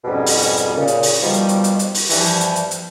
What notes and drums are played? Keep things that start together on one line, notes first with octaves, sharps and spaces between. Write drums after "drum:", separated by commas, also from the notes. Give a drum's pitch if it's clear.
F2 G#2 B2 G3 C#4
drum: open hi-hat
drum: hi-hat
drum: hi-hat
A#2 C#3
drum: hi-hat
drum: open hi-hat
B2 D#3 F3 G3
drum: hi-hat
drum: hi-hat
drum: hi-hat
drum: hi-hat
drum: open hi-hat
G2 E3 F3, drum: open hi-hat
drum: hi-hat
drum: hi-hat
drum: hi-hat
drum: hi-hat